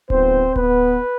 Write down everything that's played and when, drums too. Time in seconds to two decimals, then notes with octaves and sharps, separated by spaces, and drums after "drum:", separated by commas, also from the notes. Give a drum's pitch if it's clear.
0.10 G#2 F3 B3 C4 C5, drum: kick D1
0.56 B3 B4, drum: kick D1